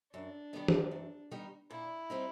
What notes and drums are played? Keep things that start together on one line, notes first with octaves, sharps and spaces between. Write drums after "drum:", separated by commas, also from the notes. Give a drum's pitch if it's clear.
F#2 D4
D#3 G3 B3 D#4
drum: tom E3
F#2
D#3 G3 B3 D#4
A#2 E4
G3 C4 D#4